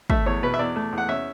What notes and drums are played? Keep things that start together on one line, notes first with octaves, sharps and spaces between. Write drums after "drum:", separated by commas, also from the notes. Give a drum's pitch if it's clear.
A3 E5, drum: kick
E2 C#5
B2 B4
E5
E2 D5
A3
E2
F#5
C#4 E5